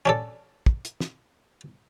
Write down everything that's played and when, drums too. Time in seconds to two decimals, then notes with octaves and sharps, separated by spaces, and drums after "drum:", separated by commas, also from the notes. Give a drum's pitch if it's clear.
0.06 C#4 D4 A4
0.66 drum: kick
0.85 drum: hi-hat
1.00 drum: snare